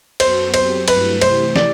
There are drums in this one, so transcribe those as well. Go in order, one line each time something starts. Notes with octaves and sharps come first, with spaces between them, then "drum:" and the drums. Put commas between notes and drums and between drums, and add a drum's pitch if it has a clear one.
F#2 F#3 B3 F#4 A4 C5, drum: cymbal
F#3 C4 G4 C5, drum: cymbal
G2 F#3 A3 E4 B4, drum: cymbal
C3 E3 A3 E4 G4 C5, drum: cymbal
D5, drum: snare